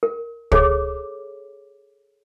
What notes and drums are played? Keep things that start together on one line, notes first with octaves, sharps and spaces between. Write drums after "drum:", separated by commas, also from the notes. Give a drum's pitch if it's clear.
A#4
G#4 A4 C#5 D6, drum: kick